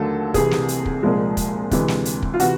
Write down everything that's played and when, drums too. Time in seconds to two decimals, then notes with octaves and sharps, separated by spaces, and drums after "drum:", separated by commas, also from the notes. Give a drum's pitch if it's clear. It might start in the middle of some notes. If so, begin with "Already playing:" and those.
Already playing: D#2 D3 F#3 A3 A4
0.34 C2 C3 E3 G#4, drum: kick, hi-hat
0.51 drum: snare
0.68 drum: hi-hat
0.86 drum: kick
1.03 C2 A#2 F3 G#3
1.37 drum: kick, hi-hat
1.71 D2 C3 E3 G#3, drum: kick, hi-hat
1.88 drum: snare
2.05 drum: hi-hat
2.22 drum: kick
2.34 F4
2.40 C3 E3 F#4, drum: hi-hat